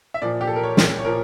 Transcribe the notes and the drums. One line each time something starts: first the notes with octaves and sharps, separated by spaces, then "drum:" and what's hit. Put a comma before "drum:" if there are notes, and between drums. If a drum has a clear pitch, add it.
E5
A#2 F3 D5
G4
A4
A#4
C#5
drum: snare
C#5
A#2 F3 A#4